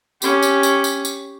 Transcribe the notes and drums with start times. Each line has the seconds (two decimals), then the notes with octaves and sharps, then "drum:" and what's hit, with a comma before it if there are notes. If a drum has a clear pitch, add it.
0.22 C#4 G4, drum: tambourine
0.43 drum: tambourine
0.63 drum: tambourine
0.84 drum: tambourine
1.05 drum: tambourine